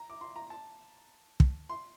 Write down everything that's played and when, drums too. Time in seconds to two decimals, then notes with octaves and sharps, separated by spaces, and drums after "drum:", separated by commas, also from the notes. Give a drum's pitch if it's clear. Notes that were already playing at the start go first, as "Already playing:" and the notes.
Already playing: A#5
0.10 D6
0.21 C6
0.36 A#5
0.50 A5
1.40 drum: kick
1.69 C6